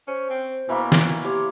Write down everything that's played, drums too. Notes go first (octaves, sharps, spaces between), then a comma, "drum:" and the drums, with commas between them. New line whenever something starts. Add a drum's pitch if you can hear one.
C#4 C5
C4
B2 E3 A#3
drum: snare
G4 C#5 C6 D6